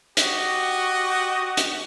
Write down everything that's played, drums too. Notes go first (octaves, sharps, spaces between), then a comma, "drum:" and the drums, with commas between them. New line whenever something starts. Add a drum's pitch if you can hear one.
F#4 G4 D#5, drum: hi-hat
drum: hi-hat